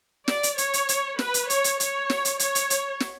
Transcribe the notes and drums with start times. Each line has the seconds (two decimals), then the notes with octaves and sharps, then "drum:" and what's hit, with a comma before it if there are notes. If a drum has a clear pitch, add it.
0.28 D5, drum: snare
0.43 drum: hi-hat
0.58 C#5, drum: hi-hat
0.73 drum: hi-hat
0.89 drum: hi-hat
1.19 B4, drum: snare
1.34 drum: hi-hat
1.50 C#5, drum: hi-hat
1.64 drum: hi-hat
1.80 C#5, drum: hi-hat
2.10 drum: snare
2.25 drum: hi-hat
2.39 C#5, drum: hi-hat
2.55 drum: hi-hat
2.70 drum: hi-hat
3.00 drum: snare